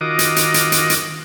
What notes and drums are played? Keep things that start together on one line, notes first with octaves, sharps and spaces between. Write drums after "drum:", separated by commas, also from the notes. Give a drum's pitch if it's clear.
D#3 F4 F#4 A#4 D#5 D6
drum: hi-hat
drum: hi-hat
drum: hi-hat
drum: hi-hat
drum: hi-hat